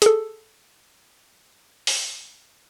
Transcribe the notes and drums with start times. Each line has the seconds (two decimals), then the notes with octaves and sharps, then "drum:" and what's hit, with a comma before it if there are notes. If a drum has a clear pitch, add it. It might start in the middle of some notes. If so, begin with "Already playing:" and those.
0.02 G#4 A4, drum: hi-hat
1.87 drum: open hi-hat